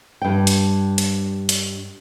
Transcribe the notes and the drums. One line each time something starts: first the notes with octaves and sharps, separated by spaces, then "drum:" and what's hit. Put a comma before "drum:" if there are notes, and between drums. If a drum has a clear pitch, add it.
G2 G5
drum: hi-hat
drum: hi-hat
drum: hi-hat